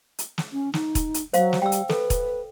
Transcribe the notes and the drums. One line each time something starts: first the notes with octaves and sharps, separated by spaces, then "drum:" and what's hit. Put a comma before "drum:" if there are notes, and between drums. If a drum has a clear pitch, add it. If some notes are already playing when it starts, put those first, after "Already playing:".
drum: hi-hat
drum: snare
C#4
D#4, drum: snare
drum: kick E1, hi-hat
drum: hi-hat
F#3 C5 F5, drum: hi-hat
drum: snare
G3 G5 E6
drum: hi-hat
A4 B4, drum: snare
drum: kick E1, hi-hat